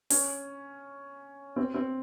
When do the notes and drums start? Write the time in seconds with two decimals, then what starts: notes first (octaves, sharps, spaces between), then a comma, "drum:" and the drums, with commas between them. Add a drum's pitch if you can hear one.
0.10 C#4, drum: open hi-hat
1.56 C4
1.74 C4